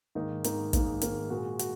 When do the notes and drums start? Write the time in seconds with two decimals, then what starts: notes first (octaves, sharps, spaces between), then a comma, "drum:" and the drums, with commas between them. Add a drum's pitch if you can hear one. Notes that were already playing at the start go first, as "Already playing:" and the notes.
0.15 G#2 D#3 A#3 D#4
0.44 G#2 D#3 A#3 D#4, drum: hi-hat
0.73 G#2 D#3 A#3 D#4, drum: kick, hi-hat
1.01 G#2 D#3 A#3 D#4, drum: hi-hat
1.30 A#2 G#3 F#4
1.59 F#4, drum: hi-hat